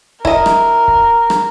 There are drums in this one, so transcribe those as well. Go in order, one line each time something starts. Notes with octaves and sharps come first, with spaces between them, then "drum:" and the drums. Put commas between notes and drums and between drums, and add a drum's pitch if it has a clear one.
E4 A#4 D#5, drum: kick
drum: rim click
drum: kick
drum: rim click